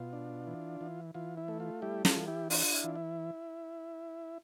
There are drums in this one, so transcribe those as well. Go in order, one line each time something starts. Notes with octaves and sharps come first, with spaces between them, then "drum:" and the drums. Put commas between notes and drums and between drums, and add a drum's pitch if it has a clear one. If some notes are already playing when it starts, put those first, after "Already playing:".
Already playing: B2 F4
D4
E3
E3
E3 F4
E4
A3
F4
G3 E4 G4
F4 A4, drum: snare
E3
E4 G4
D4 F4, drum: open hi-hat
F4
E4
E3 F4
E4